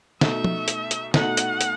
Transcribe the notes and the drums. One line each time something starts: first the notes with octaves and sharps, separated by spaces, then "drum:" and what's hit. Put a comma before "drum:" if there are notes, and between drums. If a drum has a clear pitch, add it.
B2 A3 D#4 E5, drum: snare
drum: tom
drum: hi-hat
drum: hi-hat
B2 A3 D#4 F#5, drum: snare
drum: hi-hat
drum: hi-hat